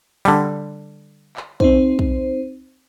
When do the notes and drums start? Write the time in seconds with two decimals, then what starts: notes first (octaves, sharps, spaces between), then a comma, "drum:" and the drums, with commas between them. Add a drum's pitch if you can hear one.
0.25 D3 G3, drum: open hi-hat
1.37 drum: clap
1.60 C4 D#4 C5, drum: kick
1.99 drum: kick